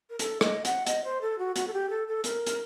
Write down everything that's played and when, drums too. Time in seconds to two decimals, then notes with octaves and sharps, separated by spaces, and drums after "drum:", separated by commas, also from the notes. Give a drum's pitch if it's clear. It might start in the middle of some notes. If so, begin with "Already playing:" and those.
0.09 A#4
0.19 A4, drum: hi-hat
0.41 D#5, drum: rim click
0.65 F#5, drum: hi-hat
0.86 D#5, drum: hi-hat
1.04 C5
1.21 A4
1.38 F#4
1.56 F#4, drum: hi-hat
1.67 A4
1.73 G4
1.89 A4
2.07 A4
2.24 A#4, drum: hi-hat
2.46 drum: hi-hat